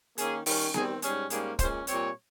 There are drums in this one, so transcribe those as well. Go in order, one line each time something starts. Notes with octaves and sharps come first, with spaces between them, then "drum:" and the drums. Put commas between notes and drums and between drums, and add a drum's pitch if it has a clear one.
D#3 A#3 C#4 G#4, drum: hi-hat
D#3 G3 C#4, drum: open hi-hat
D#3 G3 C4 G#4, drum: snare B3
G#2 G3 C#4 G#4, drum: hi-hat
G#2 G3 A#3 C#4 G#4, drum: hi-hat
A#2 G#3 C#4 C5, drum: kick, hi-hat
A#2 G3 C4 C#5, drum: hi-hat